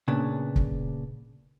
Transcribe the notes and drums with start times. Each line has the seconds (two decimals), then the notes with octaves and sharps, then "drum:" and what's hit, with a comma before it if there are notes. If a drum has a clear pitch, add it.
0.08 A#2 C#3 B3 D4
0.56 drum: kick